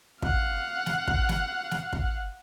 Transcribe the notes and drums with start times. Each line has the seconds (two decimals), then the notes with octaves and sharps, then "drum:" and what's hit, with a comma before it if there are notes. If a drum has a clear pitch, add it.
0.22 F5 F#5, drum: kick
0.86 drum: snare
1.07 drum: kick
1.29 drum: snare
1.71 drum: snare
1.93 drum: kick